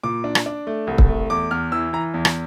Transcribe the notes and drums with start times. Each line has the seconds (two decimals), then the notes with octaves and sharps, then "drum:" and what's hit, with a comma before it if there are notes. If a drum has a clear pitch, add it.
0.03 A#2 D6
0.24 D4
0.35 drum: rim click
0.46 D4
0.67 A3
0.87 C2
0.98 drum: kick
1.09 A3
1.30 E2 D6
1.51 E2 F6
1.72 E3 E6
1.93 E3 A#5
2.14 E2
2.25 drum: rim click